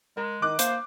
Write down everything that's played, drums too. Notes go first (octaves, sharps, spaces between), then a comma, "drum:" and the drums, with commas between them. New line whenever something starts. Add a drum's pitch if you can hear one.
G#3 A#4
D#3 D6 F#6
A#3 C5, drum: hi-hat